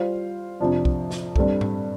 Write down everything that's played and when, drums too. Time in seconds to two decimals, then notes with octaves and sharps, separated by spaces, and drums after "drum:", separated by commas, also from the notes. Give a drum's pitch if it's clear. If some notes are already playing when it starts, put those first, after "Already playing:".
Already playing: G3 F4 C5 F5
0.60 F2 C3 F3 D4
0.85 drum: kick
1.11 drum: snare
1.36 G2 G3 C4 A4, drum: kick
1.61 drum: tom G#2